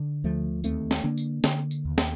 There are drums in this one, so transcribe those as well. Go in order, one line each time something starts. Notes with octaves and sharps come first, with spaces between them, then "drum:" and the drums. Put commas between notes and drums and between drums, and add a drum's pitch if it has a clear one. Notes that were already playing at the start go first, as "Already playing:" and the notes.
Already playing: D3
D2 F3 A3
D#2 A3 C4, drum: tambourine
drum: snare
D3 A#3 D4
drum: tambourine
D3, drum: snare
drum: tambourine
D#2
drum: snare